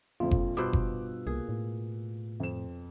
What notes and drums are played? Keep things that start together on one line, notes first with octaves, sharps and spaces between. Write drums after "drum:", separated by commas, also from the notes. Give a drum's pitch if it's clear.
A#1 F2 F4
drum: kick F#1
G2 B2 C5 D6 E6 F#6
drum: kick F#1
C2 A#3 G#4
A2
F2 E7